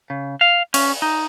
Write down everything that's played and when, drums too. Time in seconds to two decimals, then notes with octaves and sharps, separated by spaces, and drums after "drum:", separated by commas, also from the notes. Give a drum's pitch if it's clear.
0.10 C#3
0.41 F5
0.74 C#4, drum: cymbal
1.02 D#4